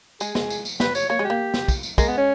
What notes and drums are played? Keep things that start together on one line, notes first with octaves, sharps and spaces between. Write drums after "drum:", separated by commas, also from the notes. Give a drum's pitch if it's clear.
G#3 G#4, drum: tambourine
G#3, drum: snare
drum: tambourine
drum: tambourine
G3 B4, drum: snare
C#5, drum: tambourine
A#3 C#5
G#3 G4
A#3
drum: snare
drum: kick, tambourine
drum: tambourine
G#3 A#3, drum: kick, tambourine
B3
C#4